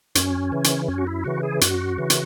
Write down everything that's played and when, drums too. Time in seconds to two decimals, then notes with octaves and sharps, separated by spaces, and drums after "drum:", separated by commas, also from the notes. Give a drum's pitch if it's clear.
0.15 F#2 C#4, drum: hi-hat
0.52 C#3 E3
0.64 drum: hi-hat
0.88 F#2 C#4
0.98 F#4
1.07 E4
1.24 C#3 E3 F#4
1.43 G#4
1.61 F#2 F#4, drum: hi-hat
1.97 C#3 E3
2.10 drum: hi-hat